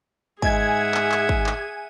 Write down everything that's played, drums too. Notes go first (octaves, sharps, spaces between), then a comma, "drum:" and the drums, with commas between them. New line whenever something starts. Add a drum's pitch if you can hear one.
G#2 G#4 E5 F#5 G#5 G#6, drum: kick
drum: clap
drum: clap
drum: kick
drum: clap